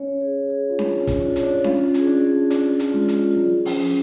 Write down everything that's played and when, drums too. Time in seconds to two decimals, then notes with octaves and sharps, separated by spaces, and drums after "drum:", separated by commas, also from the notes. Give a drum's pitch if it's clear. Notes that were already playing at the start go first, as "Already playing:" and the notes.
Already playing: C#4 C#5
0.21 G#4
0.50 G#4
0.70 F4
0.79 D4 G#4, drum: snare C#4
1.01 C#4
1.07 F4, drum: kick, hi-hat
1.22 D4
1.36 C#5, drum: hi-hat
1.43 D4
1.64 C#4 F4, drum: snare C#4
1.94 G#4, drum: hi-hat
2.07 D4
2.22 G#4
2.50 D4 D5, drum: hi-hat
2.79 F4, drum: hi-hat
2.94 G#3
3.08 F4, drum: hi-hat
3.37 F#3 G#4
3.65 F3 C#4, drum: open hi-hat